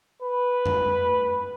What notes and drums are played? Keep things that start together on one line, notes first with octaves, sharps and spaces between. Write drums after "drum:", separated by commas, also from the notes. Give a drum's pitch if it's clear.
B4
drum: tom F2